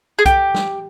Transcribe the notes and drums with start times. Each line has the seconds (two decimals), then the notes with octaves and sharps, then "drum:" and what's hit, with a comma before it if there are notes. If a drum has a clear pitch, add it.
0.19 G#4
0.26 G4, drum: kick B1, hi-hat
0.54 drum: snare